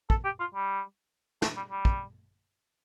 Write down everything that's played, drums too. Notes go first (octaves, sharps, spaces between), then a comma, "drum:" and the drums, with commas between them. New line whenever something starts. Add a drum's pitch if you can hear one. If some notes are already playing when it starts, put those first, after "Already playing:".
A4, drum: kick
G4
F4
G3
A3, drum: snare
G3
G3
drum: kick